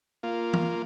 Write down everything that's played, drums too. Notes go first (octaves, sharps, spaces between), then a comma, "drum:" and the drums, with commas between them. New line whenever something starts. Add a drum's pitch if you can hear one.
A#3 F4
drum: tom E3